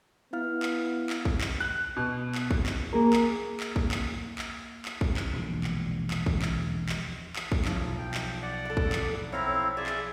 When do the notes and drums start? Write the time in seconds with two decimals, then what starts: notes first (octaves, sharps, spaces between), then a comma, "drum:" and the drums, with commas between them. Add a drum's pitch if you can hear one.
0.33 B3 E4 F5 F6
0.63 drum: clap
1.10 drum: clap
1.25 drum: kick
1.41 drum: clap
1.60 F#6
1.96 B2
2.35 drum: clap
2.51 drum: kick
2.66 drum: clap
2.93 A#3 G#4 A#4
3.13 drum: clap
3.60 drum: clap
3.76 drum: kick
3.92 drum: clap
4.38 drum: clap
4.85 drum: clap
5.01 drum: kick
5.17 drum: clap
5.33 E1 A#1 D3
5.64 drum: clap
6.11 drum: clap
6.26 drum: kick
6.42 drum: clap
6.89 drum: clap
7.36 drum: clap
7.52 drum: kick
7.65 B1 F3, drum: clap
7.99 G5
8.14 drum: clap
8.42 D5 F#5
8.65 E4 A4
8.77 drum: kick
8.93 drum: clap
9.32 C4 E4 C#5 F5 A#5
9.77 G#4 D5 E5
9.86 drum: clap